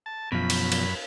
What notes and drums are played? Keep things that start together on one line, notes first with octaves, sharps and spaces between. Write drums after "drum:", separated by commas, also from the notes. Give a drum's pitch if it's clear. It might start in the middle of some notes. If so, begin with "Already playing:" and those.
A5
F#2 B2 F3 B5
drum: cymbal
drum: cymbal